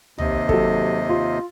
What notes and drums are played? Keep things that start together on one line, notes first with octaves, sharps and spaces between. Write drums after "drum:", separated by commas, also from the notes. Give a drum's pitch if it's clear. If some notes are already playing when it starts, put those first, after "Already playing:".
D#2 C3 D#5, drum: tom
F#3 A4, drum: kick
F4